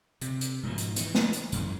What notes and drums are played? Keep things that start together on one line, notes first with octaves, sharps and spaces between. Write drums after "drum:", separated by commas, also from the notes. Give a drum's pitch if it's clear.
C3, drum: hi-hat
drum: hi-hat
G#2 B2 F3
drum: hi-hat
D#3 E3, drum: hi-hat
drum: snare
drum: hi-hat
F#2 E3 G#3, drum: hi-hat